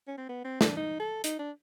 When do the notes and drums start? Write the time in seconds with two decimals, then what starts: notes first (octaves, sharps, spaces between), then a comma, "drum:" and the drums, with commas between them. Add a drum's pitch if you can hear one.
0.07 C#4
0.18 C4
0.29 B3
0.44 C4
0.61 D4, drum: snare
0.77 D#4
1.00 A4
1.24 D#4, drum: hi-hat
1.39 D4